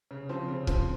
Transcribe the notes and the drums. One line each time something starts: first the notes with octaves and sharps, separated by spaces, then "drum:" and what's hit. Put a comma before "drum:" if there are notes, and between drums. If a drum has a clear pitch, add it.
C#3
F3 C4
C#3
F3 C4, drum: kick